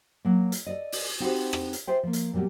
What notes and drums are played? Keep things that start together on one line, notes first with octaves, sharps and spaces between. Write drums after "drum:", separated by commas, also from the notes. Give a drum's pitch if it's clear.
F#3 A#3
drum: hi-hat
A4 D5 D#5
drum: open hi-hat
C4 D#4 F#4 G4 B4 C5
drum: rim click
drum: hi-hat
F4 G#4 C5 E5 G5
F3 A#3
drum: hi-hat
A#2 F#3 G3 B3 G4